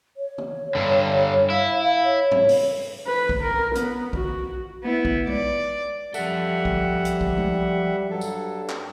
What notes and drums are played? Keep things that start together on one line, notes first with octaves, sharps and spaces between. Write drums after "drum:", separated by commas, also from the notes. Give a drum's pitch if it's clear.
C#5
drum: tom
G2 D3
E4 F5
C#5
drum: tom G#2
drum: open hi-hat
B4
drum: kick A#1
A#4
B3, drum: hi-hat
F#4, drum: kick A#1
B3 E4
drum: kick A#1
D5, drum: tom G#3
F3 G3 A4 E5 F#5, drum: tambourine
drum: kick A#1
drum: hi-hat
drum: kick A#1
drum: tom G#3
G2 F#3 A4
drum: tambourine
drum: clap